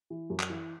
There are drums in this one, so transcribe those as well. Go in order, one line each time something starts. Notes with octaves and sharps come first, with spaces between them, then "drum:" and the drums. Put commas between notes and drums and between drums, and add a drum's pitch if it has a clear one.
E3
F#2
drum: clap
E3